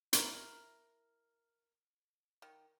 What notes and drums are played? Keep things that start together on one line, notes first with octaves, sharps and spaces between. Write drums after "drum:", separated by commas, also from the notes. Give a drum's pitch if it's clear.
E4 A#4, drum: hi-hat
D#3